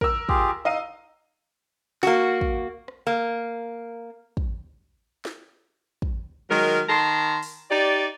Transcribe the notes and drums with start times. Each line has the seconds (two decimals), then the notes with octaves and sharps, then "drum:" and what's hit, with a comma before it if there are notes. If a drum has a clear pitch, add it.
0.01 A#4 E6, drum: kick
0.29 F4 G4 G#4, drum: kick
0.65 D#4 D#5 F5 D#7
2.03 A#3 F#4, drum: snare
2.41 drum: kick
2.88 drum: rim click
3.07 A#3
4.37 drum: kick
5.25 drum: snare
6.02 drum: kick
6.50 D#3 F#3 G#3 A#4
6.89 D#3 A5 A#5 C6
7.42 drum: open hi-hat
7.71 D#4 G4 D5